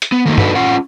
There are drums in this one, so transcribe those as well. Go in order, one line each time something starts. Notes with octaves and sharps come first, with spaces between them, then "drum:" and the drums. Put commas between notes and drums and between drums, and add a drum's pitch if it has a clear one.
drum: hi-hat
B3
D#3 F#3 A3 A#3 D#4
D4 D#4 F#4 A4 B4 F#5, drum: tom
C#4 F4 F#5